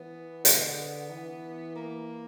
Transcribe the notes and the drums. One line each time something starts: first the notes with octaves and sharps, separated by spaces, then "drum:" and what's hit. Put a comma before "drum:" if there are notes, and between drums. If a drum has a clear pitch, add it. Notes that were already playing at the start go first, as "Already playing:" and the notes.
Already playing: E3 B3
D3 B3, drum: hi-hat
E3
A#3